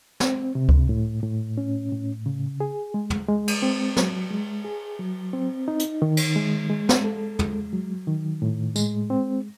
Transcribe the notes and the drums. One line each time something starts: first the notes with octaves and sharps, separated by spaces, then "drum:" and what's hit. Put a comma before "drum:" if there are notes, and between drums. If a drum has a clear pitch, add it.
C4, drum: snare
C3
drum: kick C#2
A2
A2
C#4
A2
C#3
G#4
G#3
drum: tom
G#3
drum: cymbal
C4
F#3, drum: snare
G#3
G#4
F#3
C4
D#4
drum: hi-hat
D#3
drum: cymbal
G#3
G#3
drum: snare
A4
G#3, drum: tom
F#3
D#3
A2
G#3, drum: tambourine
C4